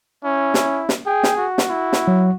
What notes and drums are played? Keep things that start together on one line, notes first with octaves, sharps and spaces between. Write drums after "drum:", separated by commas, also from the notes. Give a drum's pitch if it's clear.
C#4 E4
drum: snare
drum: snare
G#4 G5
drum: snare
F#4
drum: snare
E4
drum: snare
F#3